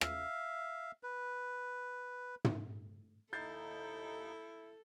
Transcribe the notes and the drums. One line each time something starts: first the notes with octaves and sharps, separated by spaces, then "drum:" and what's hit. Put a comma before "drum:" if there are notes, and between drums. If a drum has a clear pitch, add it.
E5 F5, drum: rim click
B4
drum: tom
D#2 D#4 E4 A4 G6 A6 C7